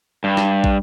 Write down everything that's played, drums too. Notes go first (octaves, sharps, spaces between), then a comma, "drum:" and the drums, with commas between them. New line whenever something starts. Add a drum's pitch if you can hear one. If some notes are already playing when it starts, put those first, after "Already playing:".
G2
drum: rim click
drum: kick